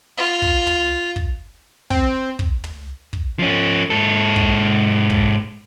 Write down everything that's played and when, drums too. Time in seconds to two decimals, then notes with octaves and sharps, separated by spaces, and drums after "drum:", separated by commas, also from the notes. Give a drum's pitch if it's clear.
0.17 F4
0.42 drum: kick
0.67 drum: tom
1.16 drum: kick
1.90 C4, drum: kick
2.39 drum: kick
2.64 drum: tom
3.13 drum: kick
3.39 F3 C#4
3.90 G#2 A4
4.36 drum: kick
5.10 drum: kick